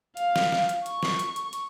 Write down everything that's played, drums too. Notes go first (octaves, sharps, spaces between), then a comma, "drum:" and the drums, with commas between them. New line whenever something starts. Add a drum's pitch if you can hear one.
F5, drum: hi-hat
drum: snare
drum: snare
drum: hi-hat
C#6, drum: hi-hat
drum: snare
drum: hi-hat
drum: hi-hat
drum: hi-hat